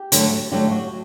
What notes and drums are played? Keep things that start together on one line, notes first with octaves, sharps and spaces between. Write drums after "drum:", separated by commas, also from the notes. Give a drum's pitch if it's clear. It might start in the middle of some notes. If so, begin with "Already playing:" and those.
Already playing: G4
D3 F#3 A3, drum: hi-hat
D3 F#3 A3 G4
F#4